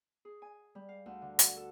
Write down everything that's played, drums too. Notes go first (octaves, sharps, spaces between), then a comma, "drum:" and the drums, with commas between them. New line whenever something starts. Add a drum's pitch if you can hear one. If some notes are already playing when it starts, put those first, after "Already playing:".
G#4
G#5
G3
F5
D2
D3
F#4, drum: hi-hat
A4